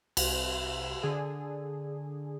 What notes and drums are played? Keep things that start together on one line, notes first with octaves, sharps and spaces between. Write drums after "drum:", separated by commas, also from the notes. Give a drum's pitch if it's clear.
C2, drum: cymbal
D3 G#4